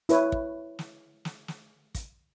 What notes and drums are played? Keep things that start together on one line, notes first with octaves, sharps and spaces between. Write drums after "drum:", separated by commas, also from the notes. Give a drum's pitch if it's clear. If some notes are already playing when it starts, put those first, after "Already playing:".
E4 B4 C#5, drum: hi-hat
drum: kick
drum: snare
drum: snare
drum: snare
drum: kick, hi-hat